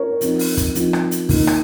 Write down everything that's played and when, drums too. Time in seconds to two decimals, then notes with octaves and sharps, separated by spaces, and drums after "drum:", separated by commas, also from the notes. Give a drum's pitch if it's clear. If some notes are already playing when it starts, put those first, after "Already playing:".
Already playing: A#4 C#5
0.21 F3 C4 D#4, drum: hi-hat
0.39 drum: open hi-hat
0.57 drum: kick, hi-hat
0.75 F3 C4 D#4, drum: hi-hat
0.93 drum: rim click
1.11 drum: hi-hat
1.29 D#3 A#3 D#4, drum: kick, open hi-hat
1.47 drum: rim click